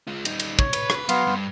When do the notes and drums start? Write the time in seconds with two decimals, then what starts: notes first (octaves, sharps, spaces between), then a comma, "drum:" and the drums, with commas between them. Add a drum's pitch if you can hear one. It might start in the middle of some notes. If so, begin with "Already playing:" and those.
0.07 G#3 F4
0.25 G3 D#4, drum: cymbal
0.40 drum: cymbal
0.59 C#5, drum: kick
0.73 B4, drum: cymbal
0.90 drum: rim click
1.09 F#3 B3 F5 C6, drum: cymbal
1.27 G2